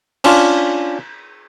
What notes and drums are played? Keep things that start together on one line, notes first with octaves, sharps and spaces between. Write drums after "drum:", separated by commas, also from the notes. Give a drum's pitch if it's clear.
C#4 D4 F4, drum: cymbal